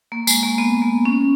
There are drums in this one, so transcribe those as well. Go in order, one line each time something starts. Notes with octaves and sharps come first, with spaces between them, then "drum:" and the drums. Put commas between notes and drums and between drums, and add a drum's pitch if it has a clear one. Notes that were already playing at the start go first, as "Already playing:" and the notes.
A#3
G#3, drum: tambourine
A#3
B3
A#3
C#4